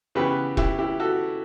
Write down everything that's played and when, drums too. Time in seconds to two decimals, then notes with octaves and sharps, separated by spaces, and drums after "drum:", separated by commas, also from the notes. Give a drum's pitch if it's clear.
0.15 C#3 E3 B3 G4 B4
0.57 E4 G4, drum: kick E1
0.79 E4 G4
1.00 F#4 A4